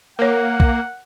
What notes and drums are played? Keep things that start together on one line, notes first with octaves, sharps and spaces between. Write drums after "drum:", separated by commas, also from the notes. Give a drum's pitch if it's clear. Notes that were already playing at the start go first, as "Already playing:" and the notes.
A#3 A#4 C#5 F#5
drum: kick